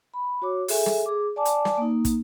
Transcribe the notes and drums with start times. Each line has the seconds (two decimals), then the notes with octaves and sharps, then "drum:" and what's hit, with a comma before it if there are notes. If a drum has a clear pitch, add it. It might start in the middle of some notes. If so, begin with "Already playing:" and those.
0.14 B5
0.42 F#4 C#5 D6
0.68 G#4 A4 E5 G#5, drum: open hi-hat
0.86 drum: snare
1.06 G#4 D6
1.36 D5 G#5 A5 D6
1.45 drum: hi-hat
1.65 drum: snare
1.78 A#3 D#4
2.05 drum: kick, hi-hat